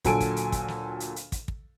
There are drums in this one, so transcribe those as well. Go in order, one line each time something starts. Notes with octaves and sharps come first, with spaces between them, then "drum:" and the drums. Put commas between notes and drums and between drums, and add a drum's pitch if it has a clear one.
D2 A#2 F#3 A4 G#5 D7, drum: kick, hi-hat
drum: kick, hi-hat
drum: hi-hat
drum: kick, hi-hat
drum: snare
drum: hi-hat
drum: hi-hat
drum: kick, hi-hat
drum: kick